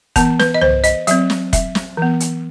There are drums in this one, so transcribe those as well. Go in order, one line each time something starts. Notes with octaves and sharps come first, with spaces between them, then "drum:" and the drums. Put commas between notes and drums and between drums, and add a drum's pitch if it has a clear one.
E3 B3 A5, drum: kick F1, hi-hat
B4, drum: snare
D#5
C5, drum: tom
D#5, drum: hi-hat
F#3 C4 E5, drum: hi-hat
drum: snare
E5, drum: kick F1, hi-hat
drum: snare
E3 B3
drum: hi-hat